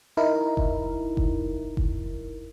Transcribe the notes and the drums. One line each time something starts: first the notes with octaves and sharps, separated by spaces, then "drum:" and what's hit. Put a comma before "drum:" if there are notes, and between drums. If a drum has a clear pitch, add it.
D#4 E4 A#4
drum: kick F1
drum: kick F1
drum: kick F1